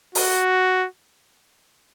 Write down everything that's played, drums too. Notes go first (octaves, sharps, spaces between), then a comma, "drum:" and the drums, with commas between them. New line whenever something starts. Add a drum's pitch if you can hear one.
F#4, drum: open hi-hat